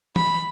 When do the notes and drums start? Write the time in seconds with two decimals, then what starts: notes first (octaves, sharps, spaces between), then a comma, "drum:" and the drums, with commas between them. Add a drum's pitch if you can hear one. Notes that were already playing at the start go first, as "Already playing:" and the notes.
0.16 B5, drum: tom E3